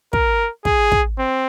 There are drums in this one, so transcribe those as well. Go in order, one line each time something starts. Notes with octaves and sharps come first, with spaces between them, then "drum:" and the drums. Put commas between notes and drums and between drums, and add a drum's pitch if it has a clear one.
A#4, drum: kick
G#4, drum: kick
drum: kick
C4